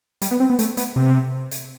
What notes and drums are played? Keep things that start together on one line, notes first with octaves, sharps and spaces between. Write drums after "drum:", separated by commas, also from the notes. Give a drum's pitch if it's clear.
G3, drum: hi-hat
B3
C4
B3
A3, drum: hi-hat
B3, drum: hi-hat
C3
drum: hi-hat